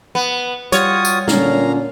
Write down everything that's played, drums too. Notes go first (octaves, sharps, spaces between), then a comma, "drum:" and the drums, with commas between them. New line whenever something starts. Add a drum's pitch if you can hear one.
B3
G3 F4 F#4 C#5 D#6, drum: hi-hat
drum: tambourine
A#2 D3 C#4 F5 A#5, drum: snare